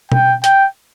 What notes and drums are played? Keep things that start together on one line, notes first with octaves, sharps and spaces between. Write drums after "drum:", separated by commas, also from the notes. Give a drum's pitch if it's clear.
G5, drum: tom B2
G5, drum: hi-hat